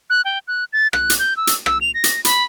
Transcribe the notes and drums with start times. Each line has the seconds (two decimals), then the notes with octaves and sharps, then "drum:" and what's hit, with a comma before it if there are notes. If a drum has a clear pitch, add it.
0.10 F#6
0.25 G5
0.48 F#6
0.73 A6
0.93 F#6, drum: rim click
1.10 drum: hi-hat
1.19 G6
1.37 E6
1.47 drum: hi-hat
1.66 E6, drum: rim click
1.81 F7
1.94 A#6
2.04 drum: hi-hat
2.25 B5, drum: hi-hat